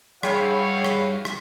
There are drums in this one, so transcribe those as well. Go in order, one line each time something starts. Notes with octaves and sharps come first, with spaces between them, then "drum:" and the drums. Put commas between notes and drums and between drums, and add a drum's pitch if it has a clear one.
G2 E4 F#4 G#4 C#5 F5 G5 B5, drum: rim click
drum: rim click
drum: rim click